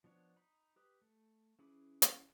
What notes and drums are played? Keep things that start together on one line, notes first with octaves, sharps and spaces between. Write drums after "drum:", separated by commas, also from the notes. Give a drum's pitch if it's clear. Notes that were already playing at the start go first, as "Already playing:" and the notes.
F3 B3 D4 C#5
D#4 B5
G4 B4 D#6
A3
E3 C#4 G#4 B5 D6
drum: hi-hat